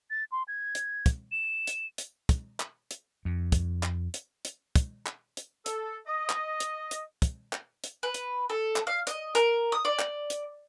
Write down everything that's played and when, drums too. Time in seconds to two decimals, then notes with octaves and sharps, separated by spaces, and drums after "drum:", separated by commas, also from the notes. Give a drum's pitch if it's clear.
0.10 A6
0.32 C6
0.48 G#6
0.75 drum: hi-hat
1.06 drum: kick, hi-hat
1.32 E7
1.67 drum: hi-hat
1.98 drum: hi-hat
2.29 drum: kick, hi-hat
2.60 drum: clap
2.91 drum: hi-hat
3.25 F2
3.52 drum: kick, hi-hat
3.83 drum: clap
4.14 drum: hi-hat
4.45 drum: hi-hat
4.76 drum: kick, hi-hat
5.06 drum: clap
5.37 drum: hi-hat
5.66 A4, drum: hi-hat
6.06 D#5
6.30 drum: clap
6.60 drum: hi-hat
6.91 drum: hi-hat
7.22 drum: kick, hi-hat
7.53 drum: clap
7.84 drum: hi-hat
8.03 B4
8.14 drum: hi-hat
8.50 A4
8.76 drum: clap
8.87 F5
9.07 D#5, drum: hi-hat
9.35 A#4, drum: hi-hat
9.72 D#6
9.85 D5
9.99 drum: clap
10.30 drum: hi-hat